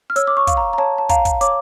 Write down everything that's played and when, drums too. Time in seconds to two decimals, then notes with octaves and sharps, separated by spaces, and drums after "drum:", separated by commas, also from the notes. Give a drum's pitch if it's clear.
0.10 F6
0.16 C#5 E6, drum: hi-hat
0.27 D6
0.37 C#6
0.47 F5, drum: kick, hi-hat
0.57 A#5
0.73 A#5
0.78 C#5 A5
0.98 A5
1.09 F5 A#5, drum: kick, hi-hat
1.25 drum: kick, hi-hat
1.41 C#5 D6, drum: hi-hat